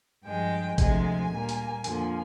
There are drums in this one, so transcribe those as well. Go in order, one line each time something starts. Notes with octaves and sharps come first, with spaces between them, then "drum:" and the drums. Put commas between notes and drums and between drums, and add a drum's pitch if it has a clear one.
G2 F3 G#3 G5
D2 C3 F3 G#3 G#5, drum: kick A1, hi-hat
A#2 G3 A#3
drum: hi-hat
F2 D3 F3 A#3, drum: hi-hat